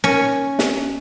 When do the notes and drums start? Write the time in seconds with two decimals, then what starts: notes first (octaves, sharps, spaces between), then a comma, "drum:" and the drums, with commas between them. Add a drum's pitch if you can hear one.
0.04 C#4
0.59 drum: snare